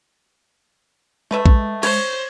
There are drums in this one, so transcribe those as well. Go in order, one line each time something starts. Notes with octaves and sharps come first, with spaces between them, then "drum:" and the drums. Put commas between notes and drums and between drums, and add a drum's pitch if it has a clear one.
G#3 A3 B4 E5
drum: kick A#1
C5 C#5, drum: cymbal